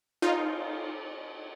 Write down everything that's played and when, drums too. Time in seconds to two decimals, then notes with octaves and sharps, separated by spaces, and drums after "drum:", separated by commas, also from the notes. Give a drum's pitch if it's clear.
0.22 D#4 F4, drum: cymbal